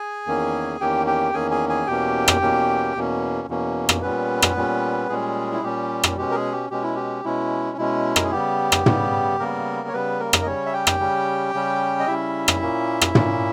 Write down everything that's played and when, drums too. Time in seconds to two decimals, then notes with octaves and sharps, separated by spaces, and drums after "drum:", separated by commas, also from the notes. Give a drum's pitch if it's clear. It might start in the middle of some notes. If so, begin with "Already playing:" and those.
Already playing: G#4 G#5
0.27 E2 D#3 A#3 C#4
0.80 E2 D#3 A#3 C#4 G4 G5
1.06 G4 G5
1.33 E2 D#3 A#3 C#4 G#4 G#5
1.51 G#4 G#5
1.69 G#4 G#5
1.87 E2 B2 A#3 C#4 G4 G5
2.28 drum: rim click
2.41 E2 B2 A#3 C#4
2.95 E2 B2 A#3 C#4
3.48 E2 B2 A#3 C#4
3.89 drum: rim click
4.02 A#2 G3 B3 C#4 B4
4.42 drum: rim click
4.56 A#2 G3 C#4
5.09 A#2 G3 G#3 C#4 G#4
5.52 E4
5.63 A#2 G3 C#4 G4
6.04 drum: rim click
6.17 B2 G#3 C#4 G4
6.31 A#4
6.34 G#3 G#4
6.52 G4
6.70 B2 G#3 C#4 G4
6.83 E4
6.95 G4
7.24 B2 G#3 C#4 E4
7.78 B2 G#3 C#4 E4
8.16 A#4, drum: rim click
8.24 G#4
8.31 C#3 G3 B3 G4
8.72 drum: rim click
8.86 C#3 G3 B3, drum: tom
9.39 C#3 G3 A#3 B3 A#4
9.88 C#5
9.93 C#3 G3 B3 B4
10.19 A#3 A#4
10.33 drum: rim click
10.42 D#5
10.46 C#3 G3 C#4 C#5
10.66 E5
10.73 G4 G5
10.87 drum: rim click
11.00 C#3 G3 C#4
11.54 C#3 G3 C#4
11.99 D#5
12.07 C#3 G3 C#4 E4 E5
12.48 drum: rim click
12.61 A#2 A#3 C#4
13.01 drum: rim click
13.15 A#2 A#3 C#4, drum: tom